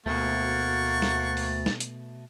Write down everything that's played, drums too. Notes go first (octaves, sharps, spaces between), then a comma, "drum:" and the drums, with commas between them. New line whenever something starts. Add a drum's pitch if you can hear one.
D2 B2 A3 A#3 F#5 C#6 A6
drum: snare
drum: open hi-hat
drum: snare
drum: hi-hat